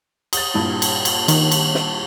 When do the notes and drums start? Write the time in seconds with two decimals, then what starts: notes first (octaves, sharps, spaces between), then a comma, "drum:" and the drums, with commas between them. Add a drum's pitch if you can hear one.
0.33 D#6 A6, drum: cymbal
0.54 G2 A#2 E4
0.82 drum: cymbal
1.05 drum: cymbal
1.28 D#3, drum: cymbal
1.52 drum: cymbal
1.75 drum: snare